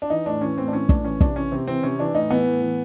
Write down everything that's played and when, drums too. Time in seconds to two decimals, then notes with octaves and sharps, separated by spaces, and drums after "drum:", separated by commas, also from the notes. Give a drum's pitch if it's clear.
0.02 D4
0.10 E3 D#4
0.26 A2 D4
0.41 E3 C#4
0.58 A2 C4
0.68 D4
0.73 E3 C#4
0.89 A2 D4, drum: kick
1.04 E3 C#4
1.21 C3 D4, drum: kick
1.36 E3 C#4
1.52 C3 C4
1.67 E3 C4
1.83 C3 C#4
1.99 E3 D4
2.15 A2 D#4
2.30 E3 B3
2.46 A2
2.62 E3